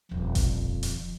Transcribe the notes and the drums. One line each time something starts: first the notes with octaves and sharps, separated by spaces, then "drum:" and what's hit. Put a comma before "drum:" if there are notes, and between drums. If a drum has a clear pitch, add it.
D#1 F2 D3
drum: kick G#1, hi-hat
drum: hi-hat